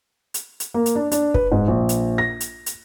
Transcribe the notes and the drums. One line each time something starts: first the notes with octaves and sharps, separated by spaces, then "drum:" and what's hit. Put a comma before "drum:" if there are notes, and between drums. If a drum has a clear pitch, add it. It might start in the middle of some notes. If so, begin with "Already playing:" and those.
drum: hi-hat
drum: hi-hat
A#3
drum: hi-hat
D4
D4, drum: hi-hat
B4, drum: kick
G#2
A#1
drum: hi-hat
A#6
drum: hi-hat
drum: hi-hat